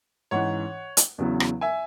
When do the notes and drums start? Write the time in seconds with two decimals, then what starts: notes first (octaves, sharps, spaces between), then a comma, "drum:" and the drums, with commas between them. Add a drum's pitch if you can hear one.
0.31 G#2 E3 C#4 C#5 F#5
0.97 drum: hi-hat
1.18 E2 C#3 F#3 B3 E4
1.40 drum: rim click
1.61 E5 G#5